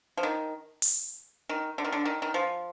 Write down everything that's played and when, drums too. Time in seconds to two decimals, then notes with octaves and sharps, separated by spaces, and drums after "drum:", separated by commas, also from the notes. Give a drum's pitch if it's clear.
0.17 F3
0.23 D#3
0.82 drum: open hi-hat
1.49 D#3
1.78 D3
1.85 D#3
1.92 D3
2.05 D#3
2.22 D#3
2.34 F3